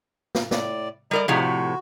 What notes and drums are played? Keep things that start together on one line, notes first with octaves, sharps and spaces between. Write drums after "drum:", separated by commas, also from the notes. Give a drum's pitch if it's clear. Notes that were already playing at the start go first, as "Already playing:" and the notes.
drum: snare
A2 D5, drum: snare
G3 A#4 D5 D#5 A#5
A2 C3 F3 D#4 F#4 G#4
F#4